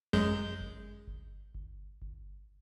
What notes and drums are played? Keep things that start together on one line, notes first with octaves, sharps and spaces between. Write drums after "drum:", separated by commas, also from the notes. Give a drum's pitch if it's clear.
F#2 G#3 G6, drum: kick G1
drum: kick G1
drum: kick G1
drum: kick G1
drum: kick G1